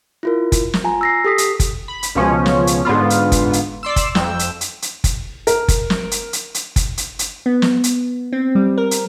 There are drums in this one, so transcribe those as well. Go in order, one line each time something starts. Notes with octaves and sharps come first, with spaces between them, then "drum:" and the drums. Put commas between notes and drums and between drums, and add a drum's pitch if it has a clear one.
E4 F4 A#4
drum: kick, hi-hat
drum: snare
F4 G#5 A#5
E6 A#6 C7
G4 A4 D#6 B6 C7
drum: hi-hat
drum: kick, hi-hat
B5
drum: hi-hat
C#2 B2 F3 C#4
drum: snare
drum: hi-hat
G#2 D3 B3 F4
drum: hi-hat
drum: kick, hi-hat
drum: hi-hat
D5 C6 E6
drum: kick, hi-hat
F2 G5 E6, drum: snare
drum: hi-hat
drum: hi-hat
drum: hi-hat
drum: kick, hi-hat
A#4, drum: hi-hat
drum: kick, hi-hat
drum: snare
drum: hi-hat
drum: hi-hat
drum: hi-hat
drum: kick, hi-hat
drum: hi-hat
drum: hi-hat
B3
drum: snare
drum: hi-hat
C4
G3
A#4
drum: hi-hat